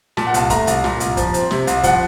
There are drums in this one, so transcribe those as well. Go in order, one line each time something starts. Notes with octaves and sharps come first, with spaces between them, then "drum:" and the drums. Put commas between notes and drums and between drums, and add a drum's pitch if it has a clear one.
A#2 A5, drum: snare
F#5
C2 A5, drum: hi-hat
A3 A#5, drum: kick, hi-hat
C2, drum: hi-hat
A#2, drum: snare
C2, drum: hi-hat
F3, drum: kick, hi-hat
C4, drum: hi-hat
C3, drum: snare
C2, drum: hi-hat
F3 F#5, drum: kick, hi-hat